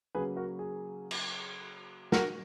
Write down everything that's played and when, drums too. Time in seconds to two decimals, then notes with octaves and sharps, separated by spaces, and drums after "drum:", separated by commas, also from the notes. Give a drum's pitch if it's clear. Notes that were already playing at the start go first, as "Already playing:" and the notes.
0.15 C#3 F#3 A#3 G#4 B4
0.36 F#4 A#4
0.59 G#4
1.11 drum: cymbal
2.12 F#4 A#4, drum: snare